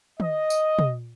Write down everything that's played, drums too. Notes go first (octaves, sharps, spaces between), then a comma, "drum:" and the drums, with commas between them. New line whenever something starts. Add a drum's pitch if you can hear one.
D#5, drum: tom
drum: tambourine
drum: tom